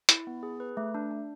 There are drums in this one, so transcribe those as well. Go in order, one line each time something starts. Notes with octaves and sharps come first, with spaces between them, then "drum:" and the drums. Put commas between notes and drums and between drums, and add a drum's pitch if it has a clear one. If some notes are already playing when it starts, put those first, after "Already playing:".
E4, drum: hi-hat
B3
G#4
B4
A3
D4
D4